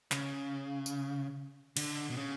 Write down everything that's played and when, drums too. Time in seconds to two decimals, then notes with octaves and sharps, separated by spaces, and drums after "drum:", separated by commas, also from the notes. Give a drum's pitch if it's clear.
0.12 C#3, drum: clap
0.86 drum: tambourine
1.77 D3, drum: cymbal
2.10 B2
2.17 C#3